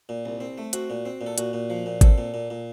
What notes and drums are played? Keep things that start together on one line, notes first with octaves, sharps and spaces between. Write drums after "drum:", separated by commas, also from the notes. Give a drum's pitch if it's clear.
A#2
C2
C4
A3
C4 F#4, drum: hi-hat
A#2
C4
A#2
A4
A#2 F#4, drum: hi-hat
A#2
F3
A#2
C4 A4, drum: kick G#1, hi-hat
A#2
A#2
A#2